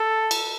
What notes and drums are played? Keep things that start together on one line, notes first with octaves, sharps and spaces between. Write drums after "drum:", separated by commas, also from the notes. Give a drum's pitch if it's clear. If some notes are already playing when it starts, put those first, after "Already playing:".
Already playing: A4
drum: cymbal